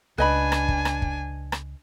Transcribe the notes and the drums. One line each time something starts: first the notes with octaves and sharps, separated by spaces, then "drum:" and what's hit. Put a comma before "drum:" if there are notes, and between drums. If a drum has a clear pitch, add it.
C#2 D4 B4 D#5 G#5 B5
drum: rim click
drum: kick
drum: rim click
drum: kick
drum: rim click